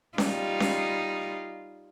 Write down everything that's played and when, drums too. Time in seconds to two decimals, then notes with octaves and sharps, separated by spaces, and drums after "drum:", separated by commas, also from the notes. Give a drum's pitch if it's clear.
0.18 G3 D#4 F4, drum: snare C#4
0.60 drum: snare C#4